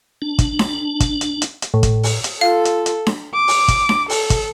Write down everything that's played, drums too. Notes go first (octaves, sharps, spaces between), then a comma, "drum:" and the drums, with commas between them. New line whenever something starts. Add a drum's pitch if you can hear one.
D4
drum: kick, hi-hat
drum: snare D4
drum: kick, hi-hat
drum: hi-hat
drum: hi-hat
drum: hi-hat
A2
drum: kick, hi-hat
drum: open hi-hat
drum: hi-hat
F4 A4 F5
drum: hi-hat
drum: hi-hat
drum: snare D4
D6
drum: open hi-hat
drum: kick, hi-hat
drum: snare D4
A4, drum: open hi-hat
drum: kick, hi-hat